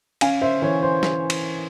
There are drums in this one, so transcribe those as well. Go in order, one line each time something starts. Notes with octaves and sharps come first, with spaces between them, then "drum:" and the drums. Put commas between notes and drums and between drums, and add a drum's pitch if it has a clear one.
C#4 F5 G#5, drum: cymbal
C5 E5
E3 C#5
C5
drum: snare
drum: cymbal